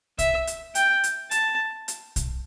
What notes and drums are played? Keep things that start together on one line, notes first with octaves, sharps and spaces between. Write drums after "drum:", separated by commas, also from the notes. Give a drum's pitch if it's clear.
E5, drum: kick, hi-hat
drum: hi-hat
G5, drum: hi-hat
drum: hi-hat
A5, drum: hi-hat
drum: hi-hat
drum: kick, hi-hat